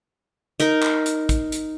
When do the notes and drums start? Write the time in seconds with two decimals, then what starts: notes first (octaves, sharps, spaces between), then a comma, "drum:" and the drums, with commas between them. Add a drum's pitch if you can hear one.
0.60 D#4 A#4, drum: hi-hat
0.83 drum: clap
1.06 drum: hi-hat
1.29 drum: kick, hi-hat
1.52 drum: hi-hat